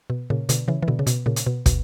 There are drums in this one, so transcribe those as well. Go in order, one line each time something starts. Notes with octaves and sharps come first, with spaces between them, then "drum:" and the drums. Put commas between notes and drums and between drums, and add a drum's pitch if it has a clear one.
B2
A#2 C#3
B2 D3, drum: hi-hat
C#3 E3
E3
B2 D3
C#3
B2, drum: hi-hat
A#2 C#3
drum: hi-hat
B2
B2, drum: kick, hi-hat